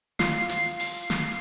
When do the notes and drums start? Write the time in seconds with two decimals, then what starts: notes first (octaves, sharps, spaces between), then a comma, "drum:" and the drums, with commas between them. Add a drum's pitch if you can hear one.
0.19 F4 C7, drum: snare
0.49 drum: hi-hat
0.80 drum: open hi-hat
1.10 drum: snare